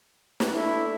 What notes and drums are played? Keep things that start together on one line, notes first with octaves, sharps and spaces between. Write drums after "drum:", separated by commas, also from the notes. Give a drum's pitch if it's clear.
drum: snare
A3 D4 E4